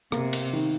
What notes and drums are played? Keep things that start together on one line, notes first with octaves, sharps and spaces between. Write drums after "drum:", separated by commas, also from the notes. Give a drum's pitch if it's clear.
C3 A#3, drum: rim click
drum: cymbal
D#3